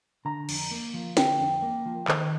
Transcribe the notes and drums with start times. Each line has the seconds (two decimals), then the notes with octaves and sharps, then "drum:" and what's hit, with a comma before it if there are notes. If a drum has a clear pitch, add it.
0.25 D3 A#5
0.49 F2, drum: cymbal
0.71 A#3
0.94 F3
1.17 D3 G5, drum: snare
1.40 F2
1.62 A#3
1.86 F3
2.08 D#3, drum: clap